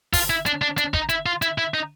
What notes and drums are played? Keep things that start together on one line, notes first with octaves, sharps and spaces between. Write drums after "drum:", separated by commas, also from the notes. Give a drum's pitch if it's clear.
F4, drum: kick, open hi-hat
E4
D4, drum: hi-hat
D4
D4, drum: hi-hat
D#4, drum: kick
E4, drum: hi-hat
F4
E4, drum: hi-hat
E4
D#4